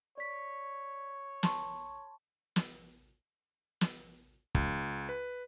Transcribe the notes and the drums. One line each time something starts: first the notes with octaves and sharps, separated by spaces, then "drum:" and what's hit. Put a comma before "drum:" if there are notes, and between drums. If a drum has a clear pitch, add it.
C#5 D5 B6
A5 C6 C#6, drum: snare
drum: snare
drum: snare
C#2, drum: kick
B4